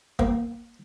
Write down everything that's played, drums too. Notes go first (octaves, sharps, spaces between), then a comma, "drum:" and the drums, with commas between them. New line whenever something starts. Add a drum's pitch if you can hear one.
A#3, drum: kick